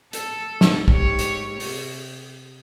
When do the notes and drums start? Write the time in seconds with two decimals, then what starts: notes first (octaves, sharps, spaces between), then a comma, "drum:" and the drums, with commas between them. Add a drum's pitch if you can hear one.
0.13 A4, drum: hi-hat
0.61 drum: snare
0.88 G#2 G4 C#5, drum: kick
1.19 drum: hi-hat
1.60 C3, drum: open hi-hat